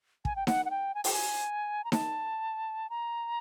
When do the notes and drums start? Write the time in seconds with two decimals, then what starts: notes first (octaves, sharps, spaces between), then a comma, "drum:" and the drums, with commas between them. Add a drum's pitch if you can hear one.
0.25 G#5, drum: kick
0.36 G5
0.47 F#5, drum: snare D#4
0.65 F#5
0.70 G5
0.94 G#5
1.04 G5, drum: open hi-hat
1.13 G#5
1.84 A#5
1.92 A5, drum: snare D#4
2.90 A#5